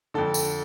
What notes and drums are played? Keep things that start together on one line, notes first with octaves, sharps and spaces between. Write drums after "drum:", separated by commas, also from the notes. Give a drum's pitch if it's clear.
F2 D3 A4
drum: tambourine